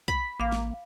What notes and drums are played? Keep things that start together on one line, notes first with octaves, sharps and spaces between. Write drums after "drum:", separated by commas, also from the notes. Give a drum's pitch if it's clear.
B5, drum: kick
A1 A#3 F5 D6
drum: snare